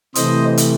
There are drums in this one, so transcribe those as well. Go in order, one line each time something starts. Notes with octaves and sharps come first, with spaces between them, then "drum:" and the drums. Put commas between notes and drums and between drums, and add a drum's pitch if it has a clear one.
C3 E3 A3 C5 D#5, drum: hi-hat
drum: hi-hat